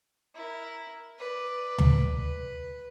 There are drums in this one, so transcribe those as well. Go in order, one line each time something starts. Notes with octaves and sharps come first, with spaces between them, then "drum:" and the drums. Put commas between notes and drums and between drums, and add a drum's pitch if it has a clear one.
E4 A#4
B4 D5
drum: tom
B4